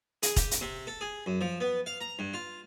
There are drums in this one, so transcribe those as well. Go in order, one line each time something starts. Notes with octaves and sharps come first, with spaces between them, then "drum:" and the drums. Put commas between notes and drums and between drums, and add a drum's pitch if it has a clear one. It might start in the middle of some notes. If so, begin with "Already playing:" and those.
G#4, drum: hi-hat
G4, drum: kick E1, hi-hat
drum: hi-hat
C3
A4
G#4
F#2
F3
B3
F5
A#5
G2
F4